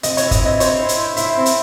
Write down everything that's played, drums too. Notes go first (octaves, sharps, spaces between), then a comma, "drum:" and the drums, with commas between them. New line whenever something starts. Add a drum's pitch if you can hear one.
C4 D#5, drum: hi-hat
E4 C#5, drum: hi-hat
D#5, drum: kick, hi-hat
C4 D#5
C5 C#5, drum: hi-hat
E4
drum: hi-hat
C5
E4 E5, drum: hi-hat
C4
drum: hi-hat